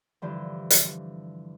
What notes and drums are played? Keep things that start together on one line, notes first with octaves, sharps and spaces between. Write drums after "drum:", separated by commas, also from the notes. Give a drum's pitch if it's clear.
G2 D3 E3 F3
drum: hi-hat